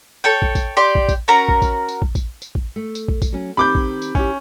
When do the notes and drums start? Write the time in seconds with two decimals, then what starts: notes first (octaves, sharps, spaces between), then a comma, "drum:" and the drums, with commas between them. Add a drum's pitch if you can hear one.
0.24 A4 C#5 G5
0.42 drum: kick
0.55 drum: kick, tambourine
0.77 G4 D5 C6
0.95 drum: kick
1.09 drum: kick, tambourine
1.28 C#4 F#4 A#4 A#5
1.49 drum: kick
1.62 drum: kick, tambourine
1.89 drum: tambourine
2.02 drum: kick
2.15 drum: kick, tambourine
2.42 drum: tambourine
2.55 drum: kick
2.76 A3
2.95 drum: tambourine
3.08 drum: kick
3.22 drum: kick, tambourine
3.32 F#3 C#4
3.57 D#3 C4 G4 B5 D6 G6
3.75 drum: kick
4.02 drum: tambourine
4.15 E3 C#4 E4 G4, drum: kick